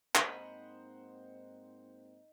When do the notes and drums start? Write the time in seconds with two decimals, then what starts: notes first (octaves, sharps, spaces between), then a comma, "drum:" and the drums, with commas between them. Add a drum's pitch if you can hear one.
0.15 G#2 A#3 C4 D#4 C5 F#5 G#5 B5, drum: clap